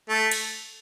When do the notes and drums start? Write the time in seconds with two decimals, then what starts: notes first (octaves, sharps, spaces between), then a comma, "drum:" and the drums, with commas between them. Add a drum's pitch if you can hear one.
0.09 A3
0.31 drum: cymbal